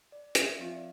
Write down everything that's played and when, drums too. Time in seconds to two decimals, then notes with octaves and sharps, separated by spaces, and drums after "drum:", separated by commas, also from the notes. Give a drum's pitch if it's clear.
0.12 D5
0.35 E5, drum: hi-hat
0.58 F3 C4 F4 B4 F5
0.67 E5
0.76 D5